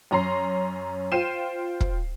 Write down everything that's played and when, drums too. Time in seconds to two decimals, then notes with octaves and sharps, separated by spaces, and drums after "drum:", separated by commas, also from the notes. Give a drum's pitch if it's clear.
0.11 F#2 C#4 A#5 C6 C7
1.12 F4 C5 G5 C7 D#7 E7
1.80 drum: kick